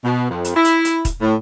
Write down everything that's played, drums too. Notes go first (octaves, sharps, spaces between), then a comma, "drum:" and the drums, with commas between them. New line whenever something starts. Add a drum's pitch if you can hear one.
B2
F2
drum: hi-hat
E4
drum: hi-hat
drum: hi-hat
drum: kick, hi-hat
A2